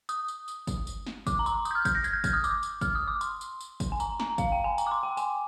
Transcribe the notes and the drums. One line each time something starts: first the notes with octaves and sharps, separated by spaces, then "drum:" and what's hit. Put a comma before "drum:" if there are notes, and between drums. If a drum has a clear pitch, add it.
D#6, drum: tambourine
drum: tambourine
drum: tambourine
drum: kick, tambourine
drum: tambourine
drum: snare
D6, drum: kick, tambourine
A#5
C6, drum: tambourine
D#6, drum: tambourine
G6
F6
G6, drum: kick, tambourine
A#6
G#6, drum: tambourine
G6
F6, drum: kick, tambourine
D#6
D6, drum: tambourine
drum: tambourine
F6, drum: kick, tambourine
D#6
D6
C6, drum: tambourine
drum: tambourine
drum: tambourine
drum: kick, tambourine
G#5
A#5, drum: tambourine
A#5, drum: snare
F5, drum: kick, tambourine
G5
G#5
A#5, drum: tambourine
D6
C6
G5
G#5, drum: tambourine